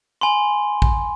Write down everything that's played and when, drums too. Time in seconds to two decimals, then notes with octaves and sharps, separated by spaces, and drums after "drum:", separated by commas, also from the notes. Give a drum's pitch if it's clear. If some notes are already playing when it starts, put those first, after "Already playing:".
0.21 G#5 B5 C6
0.82 drum: kick